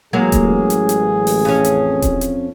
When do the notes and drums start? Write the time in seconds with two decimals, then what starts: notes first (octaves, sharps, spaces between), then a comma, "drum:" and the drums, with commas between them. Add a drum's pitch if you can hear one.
0.13 A1 F#3 G#3 A#3 G#4
0.32 drum: kick D#1, hi-hat
0.70 drum: hi-hat
0.89 drum: hi-hat
1.27 drum: open hi-hat
1.45 F2 C#4
1.65 drum: hi-hat
2.02 drum: kick D#1, hi-hat
2.21 drum: hi-hat